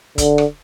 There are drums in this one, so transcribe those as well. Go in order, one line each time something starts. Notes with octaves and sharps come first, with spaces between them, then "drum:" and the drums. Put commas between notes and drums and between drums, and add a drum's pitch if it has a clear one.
D3, drum: kick, hi-hat
drum: rim click